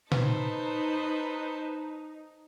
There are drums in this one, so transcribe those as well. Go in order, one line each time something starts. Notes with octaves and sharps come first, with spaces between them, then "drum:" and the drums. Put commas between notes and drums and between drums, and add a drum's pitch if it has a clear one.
D#4 A4 B4 C5, drum: tom A#2